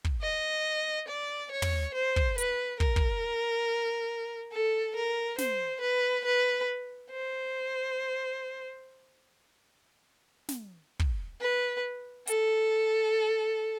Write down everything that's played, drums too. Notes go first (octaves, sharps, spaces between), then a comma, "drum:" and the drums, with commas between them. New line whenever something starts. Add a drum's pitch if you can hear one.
drum: kick
D#5
D5
C#5
drum: tom
C5
drum: kick
B4, drum: hi-hat
A#4, drum: kick
drum: kick
A4
A#4
C5, drum: snare
B4
B4
C5
drum: snare
drum: kick
B4
A4, drum: hi-hat